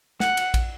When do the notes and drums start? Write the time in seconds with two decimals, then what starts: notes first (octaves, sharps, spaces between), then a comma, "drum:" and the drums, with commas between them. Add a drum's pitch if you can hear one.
0.20 F#5, drum: snare
0.37 drum: cymbal
0.54 drum: kick A#1, cymbal